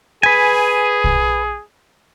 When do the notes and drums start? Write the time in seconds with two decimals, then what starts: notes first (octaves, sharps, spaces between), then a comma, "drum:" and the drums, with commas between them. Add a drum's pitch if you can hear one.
0.23 G#4 B4 G#5
1.04 drum: kick